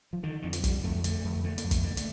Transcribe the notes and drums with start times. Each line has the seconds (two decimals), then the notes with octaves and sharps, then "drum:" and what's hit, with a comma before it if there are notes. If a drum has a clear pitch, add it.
0.13 F3
0.23 D3 D#3
0.42 F2 D#3
0.53 F3, drum: hi-hat
0.64 D3 G3, drum: kick, hi-hat
0.83 F2 A3
1.04 D3 A3, drum: hi-hat
1.24 F2
1.44 D3 A3
1.58 A#3, drum: hi-hat
1.64 F2
1.71 A3, drum: kick, hi-hat
1.84 D3 A#3
1.97 A3, drum: hi-hat